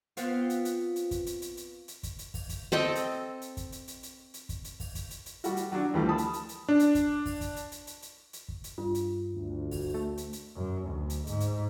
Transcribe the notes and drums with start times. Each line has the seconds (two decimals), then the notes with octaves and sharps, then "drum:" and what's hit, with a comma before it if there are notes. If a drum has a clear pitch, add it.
0.17 B3 C4 F4, drum: hi-hat
0.50 drum: hi-hat
0.65 drum: hi-hat
0.96 drum: hi-hat
1.11 drum: kick, hi-hat
1.26 drum: hi-hat
1.42 drum: hi-hat
1.57 drum: hi-hat
1.88 drum: hi-hat
2.03 drum: kick, hi-hat
2.19 drum: hi-hat
2.34 drum: kick, open hi-hat
2.49 drum: kick, hi-hat
2.72 C4 A4 D#5 G5
2.95 drum: hi-hat
3.42 drum: hi-hat
3.57 drum: kick, hi-hat
3.72 drum: hi-hat
3.88 drum: hi-hat
4.03 drum: hi-hat
4.34 drum: hi-hat
4.49 drum: kick, hi-hat
4.64 drum: hi-hat
4.80 drum: kick, open hi-hat
4.95 drum: kick, hi-hat
5.11 drum: hi-hat
5.26 drum: hi-hat
5.44 G3 F#4, drum: hi-hat
5.57 drum: hi-hat
5.72 F#3 D4
5.94 D2 E3 F3 G3 A3
6.09 A5 B5 D#6
6.18 drum: hi-hat
6.33 drum: hi-hat
6.49 drum: hi-hat
6.69 D4
6.79 drum: hi-hat
6.95 drum: kick, hi-hat
7.26 drum: kick, open hi-hat
7.41 drum: kick, hi-hat
7.56 drum: hi-hat
7.72 drum: hi-hat
7.87 drum: hi-hat
8.02 drum: hi-hat
8.33 drum: hi-hat
8.48 drum: kick
8.64 drum: hi-hat
8.78 G2 F4
8.95 drum: hi-hat
9.34 D2
9.71 drum: kick, open hi-hat
9.94 A3
10.17 drum: hi-hat
10.33 drum: hi-hat
10.55 F#2
10.88 D2
11.10 drum: hi-hat
11.27 G#2, drum: hi-hat
11.40 drum: hi-hat